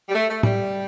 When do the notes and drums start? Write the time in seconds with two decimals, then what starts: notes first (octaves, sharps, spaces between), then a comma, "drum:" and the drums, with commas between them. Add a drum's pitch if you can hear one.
0.08 G3
0.14 A3
0.29 A3
0.43 G3, drum: tom